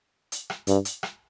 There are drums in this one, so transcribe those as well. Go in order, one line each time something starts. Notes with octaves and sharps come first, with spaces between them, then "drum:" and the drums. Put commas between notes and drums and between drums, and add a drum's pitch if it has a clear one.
drum: hi-hat
drum: rim click
G2, drum: hi-hat
drum: hi-hat
drum: rim click